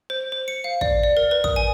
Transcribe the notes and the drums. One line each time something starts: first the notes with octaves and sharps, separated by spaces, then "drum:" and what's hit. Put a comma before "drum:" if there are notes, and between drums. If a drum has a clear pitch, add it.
C5
C5
C#7
F5
D5, drum: kick
D5
A#4
B4
D#6, drum: kick
G#5